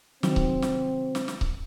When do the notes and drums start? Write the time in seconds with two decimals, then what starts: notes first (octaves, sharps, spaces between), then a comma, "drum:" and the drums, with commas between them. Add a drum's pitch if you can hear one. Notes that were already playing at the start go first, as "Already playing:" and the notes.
0.23 C3 D#3 F#3 C4, drum: snare
0.36 drum: kick C#1
0.62 drum: snare
1.15 drum: snare
1.28 drum: snare
1.41 drum: kick C#1